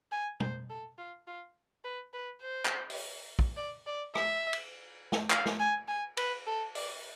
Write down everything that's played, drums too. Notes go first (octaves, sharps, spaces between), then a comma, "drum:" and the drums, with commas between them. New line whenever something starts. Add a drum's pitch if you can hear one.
G#5
C5, drum: tom
A4
F4
F4
B4
B4
C5
drum: clap
drum: open hi-hat
drum: kick
D5
D5
E5, drum: rim click
drum: cymbal
drum: snare
F5, drum: clap
drum: snare
G#5
G#5
B4, drum: cymbal
A4
D5, drum: open hi-hat